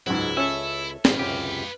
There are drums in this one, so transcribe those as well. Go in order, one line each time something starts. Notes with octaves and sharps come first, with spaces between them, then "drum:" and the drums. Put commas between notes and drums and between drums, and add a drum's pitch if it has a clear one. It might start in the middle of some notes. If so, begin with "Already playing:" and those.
C#2 G#2 F#3 E4
C#4 A4 E5
G#1 G#2 G3 B4 F5, drum: snare C4
C#2 F#2 C3 G4